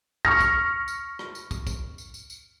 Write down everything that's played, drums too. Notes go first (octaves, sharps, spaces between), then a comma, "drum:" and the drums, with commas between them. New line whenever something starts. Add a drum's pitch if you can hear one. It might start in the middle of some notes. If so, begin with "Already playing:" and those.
C#6 F6 A#6, drum: kick
drum: kick, tambourine
drum: tambourine
drum: rim click
drum: tambourine
drum: kick, tambourine
drum: kick, tambourine
drum: tambourine
drum: tambourine
drum: tambourine